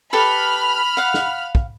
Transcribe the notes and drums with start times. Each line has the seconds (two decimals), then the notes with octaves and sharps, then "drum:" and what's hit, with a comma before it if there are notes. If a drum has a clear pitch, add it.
0.13 G4 A4 B4 B5 F6
0.97 F5 F#5
1.14 drum: snare
1.55 drum: kick